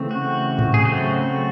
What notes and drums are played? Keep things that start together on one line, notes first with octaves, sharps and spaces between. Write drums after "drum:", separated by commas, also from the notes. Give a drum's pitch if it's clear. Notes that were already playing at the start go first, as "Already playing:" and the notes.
Already playing: C#3 E3 A3 C4
F#4
drum: tom G#2
G#4
C#3 F#3 A3 C4 F#4
F#4